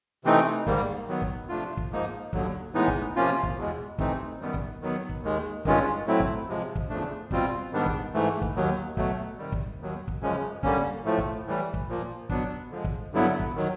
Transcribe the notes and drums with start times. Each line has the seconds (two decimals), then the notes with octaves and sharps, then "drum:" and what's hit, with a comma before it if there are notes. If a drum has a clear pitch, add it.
0.24 C3 E3 A3 C4 D#4
0.67 G#2 D#3 G3 A#3, drum: kick
1.08 D#3 F#3 B3
1.22 drum: kick
1.49 C3 F3 A3 D4 F4
1.77 drum: kick
1.91 G#2 F3 A#3 D#4
2.33 D#2 D3 F#3, drum: kick
2.74 A2 E3 G#3 B3 D#4
2.88 drum: kick
3.16 C3 F3 A#3 C#4 F4
3.43 drum: kick
3.57 E2 B2 G#3
3.98 C3 E3 A3 C4 D#4, drum: kick
4.40 F#2 D#3 G3 B3
4.54 drum: kick
4.81 D#3 F#3 B3
5.09 drum: kick
5.23 D#2 D#3 G#3
5.65 G2 D#3 G#3 C#4 F4, drum: kick
6.06 A2 F#3 A3 C4 E4
6.20 drum: kick
6.48 C3 F3 G#3
6.76 drum: kick
6.89 E2 C#3 F3 A3 D4
7.31 B2 G3 C4 F4, drum: kick
7.72 G#2 D#3 G3 B3 D4
7.86 drum: kick
8.14 G#2 E3 A3
8.42 drum: kick
8.55 D#2 D#3 F#3
8.97 B2 F#3 A3, drum: kick
9.38 C3 D#3 G3
9.52 drum: kick
9.80 D#2 D#3 F#3
10.08 drum: kick
10.21 F#2 C#3 F3 G#3 C#4
10.63 D3 G3 A#3 C#4, drum: kick
11.04 A2 F3 A3
11.18 drum: kick
11.46 A2 E3 G3
11.74 drum: kick
11.88 A#2 F3 A#3
12.29 B2 F#3 B3 D4, drum: kick
12.71 D3 F3 G#3
12.84 drum: kick
13.12 G2 D3 F#3 B3 E4
13.40 drum: kick
13.56 D#3 F#3